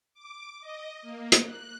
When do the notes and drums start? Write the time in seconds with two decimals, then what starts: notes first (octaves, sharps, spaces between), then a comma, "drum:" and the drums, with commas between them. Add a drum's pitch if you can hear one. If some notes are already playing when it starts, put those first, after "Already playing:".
0.14 D6
0.61 D#5
1.02 A#3
1.32 drum: hi-hat
1.44 F#6